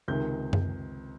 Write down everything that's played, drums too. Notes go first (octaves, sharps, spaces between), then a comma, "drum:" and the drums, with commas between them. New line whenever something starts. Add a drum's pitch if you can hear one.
C#2 C3 D#3 G6
drum: tom F#2